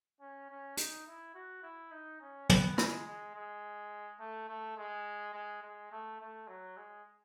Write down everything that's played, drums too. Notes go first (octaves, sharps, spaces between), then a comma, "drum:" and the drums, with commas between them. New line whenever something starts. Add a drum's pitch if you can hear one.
C#4
C#4
D#4, drum: hi-hat
E4
F#4
E4
D#4
C#4
B3, drum: tom
G#3, drum: rim click
G#3
G#3
A3
A3
G#3
G#3
G#3
A3
A3
F#3
G#3